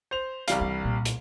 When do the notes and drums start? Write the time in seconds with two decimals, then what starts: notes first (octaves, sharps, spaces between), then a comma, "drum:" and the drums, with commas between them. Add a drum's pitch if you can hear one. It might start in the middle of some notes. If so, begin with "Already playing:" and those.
0.11 C5 F7
0.48 C2 G3 F5, drum: hi-hat
0.60 E3 D4
0.83 A#1 A#2
1.05 drum: hi-hat